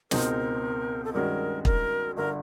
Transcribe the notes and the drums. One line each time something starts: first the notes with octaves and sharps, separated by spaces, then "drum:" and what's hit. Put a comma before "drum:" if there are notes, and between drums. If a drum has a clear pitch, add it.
C#2 B2 G#3 C4 D#4 A#4, drum: snare
A4
G2 D#3 G#3 C#4 F#4 A#4
A#4, drum: kick
G1 D3 A#4